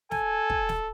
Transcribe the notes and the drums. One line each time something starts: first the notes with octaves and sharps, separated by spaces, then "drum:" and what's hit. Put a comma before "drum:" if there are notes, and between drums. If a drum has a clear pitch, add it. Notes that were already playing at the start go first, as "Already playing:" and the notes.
A4 G#5, drum: snare
drum: kick
drum: snare